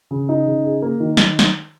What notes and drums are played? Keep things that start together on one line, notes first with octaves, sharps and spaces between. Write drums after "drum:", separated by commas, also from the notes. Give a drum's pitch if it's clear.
C#3
D#4
C#3
G#4
A#3
D#3
D#3, drum: snare
drum: snare